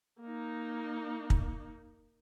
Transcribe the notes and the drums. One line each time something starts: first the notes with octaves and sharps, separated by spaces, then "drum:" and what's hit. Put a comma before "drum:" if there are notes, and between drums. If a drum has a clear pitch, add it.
A#3 D#4
drum: kick